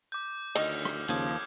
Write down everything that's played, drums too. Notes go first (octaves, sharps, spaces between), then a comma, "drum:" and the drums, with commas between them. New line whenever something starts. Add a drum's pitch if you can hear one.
D6 G6
D2 D#3 D#5 E6 F6, drum: cymbal
drum: rim click
D#2 C#3 F3 D#6 G#6